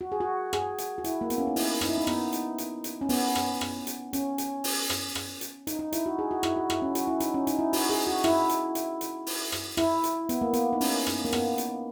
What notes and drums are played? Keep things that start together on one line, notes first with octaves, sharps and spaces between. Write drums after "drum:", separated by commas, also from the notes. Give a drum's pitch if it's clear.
F#4
G#4
F#4
G#4, drum: rim click
drum: hi-hat
F#4
E4, drum: hi-hat
A#3
B3, drum: hi-hat
C#4
D#4
E4, drum: open hi-hat
D#4, drum: rim click
E4
D#4
B3, drum: rim click
drum: hi-hat
drum: hi-hat
drum: hi-hat
C#4
B3, drum: open hi-hat
drum: rim click
drum: rim click
drum: hi-hat
C#4, drum: hi-hat
drum: hi-hat
drum: open hi-hat
drum: rim click
drum: rim click
drum: hi-hat
D#4, drum: hi-hat
D#4
E4, drum: hi-hat
F#4
G#4
F#4
E4, drum: rim click
F#4
E4, drum: rim click
C#4
F#4, drum: hi-hat
E4
D#4, drum: hi-hat
C#4
D#4, drum: hi-hat
E4
F#4, drum: open hi-hat
G#4
F#4
E4, drum: rim click
drum: hi-hat
drum: hi-hat
drum: hi-hat
drum: open hi-hat
drum: rim click
E4, drum: rim click
drum: hi-hat
B3, drum: hi-hat
A#3
B3, drum: hi-hat
D#4
C#4, drum: open hi-hat
drum: rim click
A#3
B3, drum: rim click
drum: hi-hat